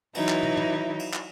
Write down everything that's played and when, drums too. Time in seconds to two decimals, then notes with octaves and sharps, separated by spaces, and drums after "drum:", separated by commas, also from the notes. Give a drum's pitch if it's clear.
0.15 E3 F#3 D#4 E4, drum: cymbal
0.29 drum: clap
0.43 drum: tom
0.57 drum: tom A2
0.99 drum: cymbal
1.14 drum: clap